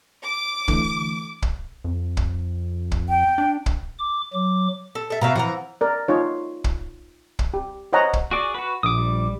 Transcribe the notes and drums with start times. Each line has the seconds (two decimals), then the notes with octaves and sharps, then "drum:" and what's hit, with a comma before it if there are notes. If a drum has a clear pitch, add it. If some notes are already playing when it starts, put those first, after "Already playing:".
0.23 D6
0.68 D3 E3 A3, drum: kick
1.42 drum: kick
1.85 F2
2.17 drum: kick
2.92 drum: kick
3.09 G5
3.38 D4
3.66 drum: kick
3.99 D6
4.33 F#3 D6
4.95 A4
5.10 A4 E5
5.21 B2 E5 F5 A#5
5.36 E3 F3 F#5 A#5
5.81 A#4 D5
6.08 D#4 F4 C#5
6.64 drum: kick
7.39 drum: kick
7.54 G4
7.93 C5 C#5 D#5 F#5 G#5 A#5
8.13 drum: kick
8.31 F#4 G#4 D5
8.54 F#4 B4
8.83 A#1 D6 D#6
8.98 G3